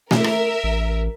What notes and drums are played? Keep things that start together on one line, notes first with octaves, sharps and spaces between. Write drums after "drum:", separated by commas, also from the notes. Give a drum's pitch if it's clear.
A#4 E5, drum: snare
drum: rim click
A1